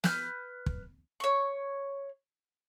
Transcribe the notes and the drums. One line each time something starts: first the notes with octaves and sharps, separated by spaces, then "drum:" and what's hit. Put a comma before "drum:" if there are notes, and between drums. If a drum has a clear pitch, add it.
B4 F6 G6, drum: snare
drum: kick
C#5 C#6